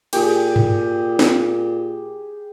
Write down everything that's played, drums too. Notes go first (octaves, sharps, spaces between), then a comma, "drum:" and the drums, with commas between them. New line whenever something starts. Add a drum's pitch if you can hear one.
A#2 G4 G#4, drum: cymbal
drum: tom G2
drum: snare